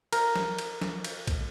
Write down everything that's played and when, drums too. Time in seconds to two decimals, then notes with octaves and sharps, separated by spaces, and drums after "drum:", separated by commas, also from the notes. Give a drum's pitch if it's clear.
0.13 A#4, drum: cymbal
0.36 drum: snare
0.58 drum: cymbal
0.81 drum: snare
1.04 drum: cymbal
1.27 drum: kick A#1, cymbal